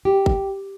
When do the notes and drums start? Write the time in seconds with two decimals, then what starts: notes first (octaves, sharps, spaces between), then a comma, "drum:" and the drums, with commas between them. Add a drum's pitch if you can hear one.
0.05 G4
0.26 drum: kick